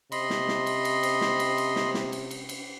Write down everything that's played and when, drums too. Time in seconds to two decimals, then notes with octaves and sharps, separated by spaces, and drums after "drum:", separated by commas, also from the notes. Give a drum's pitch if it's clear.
0.12 C3 D#5 B5 C6, drum: cymbal
0.30 drum: snare
0.48 drum: snare
0.66 drum: cymbal
0.85 drum: cymbal
1.03 drum: cymbal
1.21 drum: snare
1.39 drum: cymbal
1.58 drum: cymbal
1.76 drum: snare
1.94 drum: snare
2.12 drum: cymbal
2.31 drum: cymbal
2.49 drum: cymbal